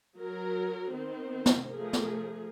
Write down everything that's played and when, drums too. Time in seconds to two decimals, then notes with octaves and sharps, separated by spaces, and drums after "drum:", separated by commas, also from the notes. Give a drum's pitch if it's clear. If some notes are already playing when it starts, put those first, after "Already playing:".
0.17 F#3 A#4
0.93 D#3 B3 C4
1.46 drum: snare
1.69 F3 A3 G#4 A#4
1.93 drum: snare